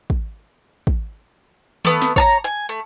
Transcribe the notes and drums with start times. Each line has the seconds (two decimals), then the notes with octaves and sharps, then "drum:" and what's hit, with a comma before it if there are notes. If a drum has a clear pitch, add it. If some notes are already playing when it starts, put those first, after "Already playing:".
0.10 drum: kick
0.87 drum: kick
1.85 A3 B3, drum: tom D#3
2.02 drum: snare
2.16 C#5 A5 A#5, drum: kick
2.44 G#5
2.69 A3